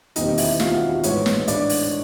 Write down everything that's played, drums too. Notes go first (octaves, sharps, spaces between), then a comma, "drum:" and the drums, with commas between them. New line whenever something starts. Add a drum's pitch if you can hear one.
E1 D#2 D#3 G3 C4 D#4 D#5, drum: hi-hat
E4 E5, drum: open hi-hat
F4 F5, drum: snare
F#4 F#5
F#4 F#5
A1 G#2 E3 G#3 C#5, drum: hi-hat
drum: snare
D4 D5, drum: hi-hat
drum: open hi-hat